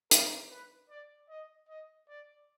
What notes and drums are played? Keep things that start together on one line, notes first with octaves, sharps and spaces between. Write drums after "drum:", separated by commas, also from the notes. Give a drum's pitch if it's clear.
A#4, drum: hi-hat
B4
D5
D#5
D#5
D5